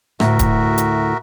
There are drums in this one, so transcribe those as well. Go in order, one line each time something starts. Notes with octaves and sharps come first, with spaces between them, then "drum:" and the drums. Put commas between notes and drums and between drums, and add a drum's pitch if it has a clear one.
D2 A2 F#4 A#4 E5, drum: rim click
drum: kick D1, hi-hat
drum: hi-hat